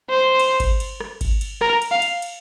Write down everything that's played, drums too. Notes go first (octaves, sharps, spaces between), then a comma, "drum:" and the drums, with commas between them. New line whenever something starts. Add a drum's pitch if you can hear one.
C5
drum: cymbal
drum: kick G#1, cymbal
drum: cymbal
drum: rim click
drum: kick G#1, cymbal
drum: cymbal
A#4, drum: rim click
drum: cymbal
F5
drum: cymbal
drum: cymbal